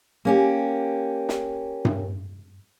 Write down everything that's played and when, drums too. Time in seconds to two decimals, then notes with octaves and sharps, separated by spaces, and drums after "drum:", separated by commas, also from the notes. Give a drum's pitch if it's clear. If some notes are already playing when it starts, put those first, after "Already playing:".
0.25 A#3 C#4 G4
1.29 drum: snare
1.85 drum: tom G2